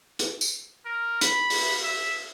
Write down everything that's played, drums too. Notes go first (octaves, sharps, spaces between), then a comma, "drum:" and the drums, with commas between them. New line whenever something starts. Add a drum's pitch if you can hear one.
drum: hi-hat
drum: tambourine
A#4
B5, drum: hi-hat
drum: open hi-hat
E5